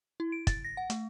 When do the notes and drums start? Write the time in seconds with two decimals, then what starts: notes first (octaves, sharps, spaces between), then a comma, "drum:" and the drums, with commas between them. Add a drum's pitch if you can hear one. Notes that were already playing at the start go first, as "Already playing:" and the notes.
0.20 E4
0.32 D7
0.47 A6, drum: kick, hi-hat
0.65 A#6
0.77 F#5
0.90 A3, drum: hi-hat